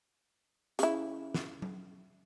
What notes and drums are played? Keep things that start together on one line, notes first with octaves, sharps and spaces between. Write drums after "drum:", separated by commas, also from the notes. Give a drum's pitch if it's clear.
C#3 E4, drum: hi-hat
drum: snare
drum: tom F#3